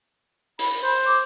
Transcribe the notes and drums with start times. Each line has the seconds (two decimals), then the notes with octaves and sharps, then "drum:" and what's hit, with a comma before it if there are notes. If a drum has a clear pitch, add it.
0.59 B5, drum: open hi-hat
0.83 C5
1.06 D6